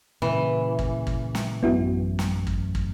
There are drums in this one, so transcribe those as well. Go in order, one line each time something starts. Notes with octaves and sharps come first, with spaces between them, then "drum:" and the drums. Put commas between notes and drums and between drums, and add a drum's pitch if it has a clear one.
A#2 C#3 E3
drum: kick
drum: kick
drum: snare
A1 F#2 B3 E4 F#4
drum: snare
drum: kick
drum: kick